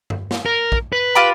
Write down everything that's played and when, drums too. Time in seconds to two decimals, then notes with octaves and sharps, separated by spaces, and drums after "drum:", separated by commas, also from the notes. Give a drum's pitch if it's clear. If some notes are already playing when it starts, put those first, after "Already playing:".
0.10 drum: tom G2
0.31 drum: snare
0.46 A#4
0.72 drum: kick A#1
0.93 B4
1.15 F4 G4 B5